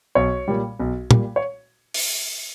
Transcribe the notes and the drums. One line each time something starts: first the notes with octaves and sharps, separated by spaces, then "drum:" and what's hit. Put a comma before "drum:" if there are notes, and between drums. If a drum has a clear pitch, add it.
B1 C#5
A#2 G3
B1
A#2 G3, drum: tom
C#5
drum: open hi-hat